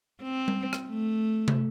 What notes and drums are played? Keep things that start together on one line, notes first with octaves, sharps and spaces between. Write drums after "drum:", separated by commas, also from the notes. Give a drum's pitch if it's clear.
C4
drum: tom G3
drum: rim click
A3
drum: tom